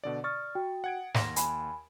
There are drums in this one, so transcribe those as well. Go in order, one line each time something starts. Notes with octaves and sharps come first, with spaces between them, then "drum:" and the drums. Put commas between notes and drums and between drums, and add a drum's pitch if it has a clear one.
B2 D3 D5
D5 C#6 D#6 F6 A6
F#4 G5
F#5 G#6 D7
D#2 F#5 C6 A#6 E7, drum: snare
G#5 B5, drum: hi-hat